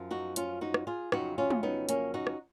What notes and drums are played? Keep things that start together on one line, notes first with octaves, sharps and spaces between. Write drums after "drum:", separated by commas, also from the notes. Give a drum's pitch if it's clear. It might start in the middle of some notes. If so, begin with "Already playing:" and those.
Already playing: F#2 F3
D#4 F#4
C#4 F4, drum: hi-hat
D#4 F#4
drum: rim click
F4 G#4
F2 C#3 F#3 D#4 F#4, drum: rim click
C#4 F4
drum: tom
B3 D#4
A#3 C#4, drum: hi-hat
D#4 F#4
drum: rim click